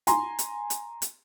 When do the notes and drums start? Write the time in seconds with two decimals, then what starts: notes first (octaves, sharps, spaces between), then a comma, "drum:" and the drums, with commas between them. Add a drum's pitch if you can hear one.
0.07 G#5 A#5 C6, drum: hi-hat
0.39 drum: hi-hat
0.70 drum: hi-hat
1.02 drum: hi-hat